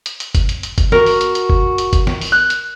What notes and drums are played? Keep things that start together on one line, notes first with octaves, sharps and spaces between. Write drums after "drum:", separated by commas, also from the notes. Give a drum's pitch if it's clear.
drum: hi-hat
drum: hi-hat
drum: kick, hi-hat
drum: hi-hat
drum: hi-hat
drum: kick, hi-hat
F#4 A#4, drum: snare
drum: open hi-hat
drum: hi-hat
drum: hi-hat
drum: kick
drum: hi-hat
drum: kick, hi-hat
drum: snare
drum: open hi-hat
F#6
drum: hi-hat